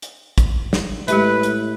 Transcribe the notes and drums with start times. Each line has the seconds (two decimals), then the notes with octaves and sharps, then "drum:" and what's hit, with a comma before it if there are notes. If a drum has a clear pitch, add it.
0.02 drum: hi-hat
0.38 drum: kick, hi-hat
0.73 drum: snare
1.08 A2 G#3 G4 B4 E5, drum: hi-hat
1.43 drum: hi-hat